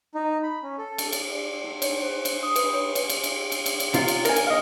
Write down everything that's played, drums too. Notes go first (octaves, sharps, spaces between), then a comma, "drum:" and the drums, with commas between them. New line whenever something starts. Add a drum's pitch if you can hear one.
D#4
B5
C#4
A4
drum: cymbal
drum: cymbal
D5
D#4
C#5, drum: cymbal
C5
drum: cymbal
D#6
B4, drum: cymbal
C#5
drum: cymbal
drum: cymbal
drum: cymbal
drum: cymbal
drum: cymbal
drum: cymbal
C3 F4, drum: cymbal
drum: cymbal
A#4 G#5, drum: cymbal
drum: cymbal
D#5 F5